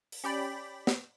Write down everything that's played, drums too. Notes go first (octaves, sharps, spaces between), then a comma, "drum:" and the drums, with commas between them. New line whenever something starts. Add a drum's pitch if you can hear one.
drum: open hi-hat
C#4 G4 D5 G5 B5
drum: snare